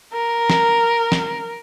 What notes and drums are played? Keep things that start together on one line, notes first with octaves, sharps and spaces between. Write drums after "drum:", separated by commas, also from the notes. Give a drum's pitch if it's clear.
A#4
drum: snare
drum: snare